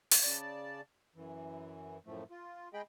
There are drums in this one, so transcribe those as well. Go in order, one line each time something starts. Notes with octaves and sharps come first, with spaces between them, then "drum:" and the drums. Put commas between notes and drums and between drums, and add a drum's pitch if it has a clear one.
drum: open hi-hat
C#3 D5 A5
F#2 E3
F#2 A2 F3 A3
F4
G#3 G#4 D#5 G5 B5